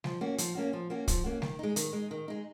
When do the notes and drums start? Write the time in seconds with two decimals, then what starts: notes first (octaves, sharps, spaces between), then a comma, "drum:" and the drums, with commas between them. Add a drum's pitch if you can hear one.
0.04 F3, drum: snare G3
0.21 A#3 C#4 F#4
0.38 F3, drum: hi-hat
0.55 A#3 C#4 F#4
0.73 F3
0.90 A#3 C#4 F#4
1.08 F3, drum: kick, hi-hat
1.24 A#3 C#4 F#4
1.42 D#3, drum: snare G3
1.59 G#3 D#4
1.76 D#3, drum: hi-hat
1.93 G#3 D#4
2.11 D#3
2.28 G#3 D#4